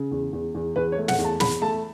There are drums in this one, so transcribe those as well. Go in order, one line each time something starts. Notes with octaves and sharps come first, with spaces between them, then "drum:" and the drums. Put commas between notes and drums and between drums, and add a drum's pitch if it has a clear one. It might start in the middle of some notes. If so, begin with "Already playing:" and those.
Already playing: C#3
E2
E2
E2
E2 B4
C#5
A3
F#5, drum: snare
E2
A5
E2 B5, drum: snare
A3 A5